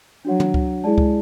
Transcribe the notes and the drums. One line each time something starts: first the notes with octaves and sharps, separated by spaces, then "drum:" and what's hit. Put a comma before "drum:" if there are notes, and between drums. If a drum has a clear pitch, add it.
F#3 D4 F#4 C#5 F#5
drum: tom
drum: kick C#2
G#3 E4 G#4 D5 A5
drum: kick C#2